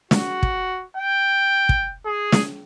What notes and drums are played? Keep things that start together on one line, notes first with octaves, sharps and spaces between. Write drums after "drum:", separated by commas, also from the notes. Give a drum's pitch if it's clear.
F#4, drum: snare
drum: kick
G5
drum: kick
G#4
drum: snare